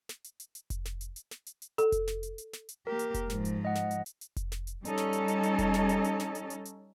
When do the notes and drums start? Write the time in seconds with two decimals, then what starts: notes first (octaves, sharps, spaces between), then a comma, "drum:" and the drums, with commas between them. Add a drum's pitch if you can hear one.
0.09 drum: snare
0.24 drum: hi-hat
0.40 drum: hi-hat
0.55 drum: hi-hat
0.70 drum: kick F1, hi-hat
0.85 drum: snare
1.01 drum: hi-hat
1.16 drum: hi-hat
1.31 drum: snare
1.46 drum: hi-hat
1.62 drum: hi-hat
1.78 A4, drum: hi-hat
1.92 drum: kick F1, hi-hat
2.08 drum: snare
2.23 drum: hi-hat
2.38 drum: hi-hat
2.53 drum: snare
2.69 drum: hi-hat
2.87 A#3 G4 A#4
2.99 drum: hi-hat
3.14 drum: kick F1, hi-hat
3.30 G#2 F3, drum: snare
3.45 drum: hi-hat
3.65 D#5 F#5
3.75 drum: snare
3.91 drum: hi-hat
4.06 drum: hi-hat
4.21 drum: hi-hat
4.36 drum: kick F1, hi-hat
4.52 drum: snare
4.67 drum: hi-hat
4.85 G3 C#4 D#4 A4, drum: hi-hat
4.97 drum: snare
5.13 drum: hi-hat
5.28 drum: hi-hat
5.43 drum: hi-hat
5.59 drum: kick F1, hi-hat
5.74 drum: snare
5.89 drum: hi-hat
6.04 drum: hi-hat
6.20 drum: snare
6.35 drum: hi-hat
6.50 drum: hi-hat
6.65 drum: hi-hat